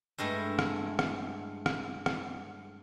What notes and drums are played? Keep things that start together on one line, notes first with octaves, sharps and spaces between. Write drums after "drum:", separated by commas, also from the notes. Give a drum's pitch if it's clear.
G2 G#3 A3 E4
drum: rim click
drum: rim click
drum: rim click
drum: rim click